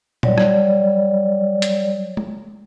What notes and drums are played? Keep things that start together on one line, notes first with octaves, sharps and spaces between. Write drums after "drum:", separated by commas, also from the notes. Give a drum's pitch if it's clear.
F#3 G3 C#5 D5, drum: tom A#2
drum: rim click
drum: hi-hat
drum: tom G#3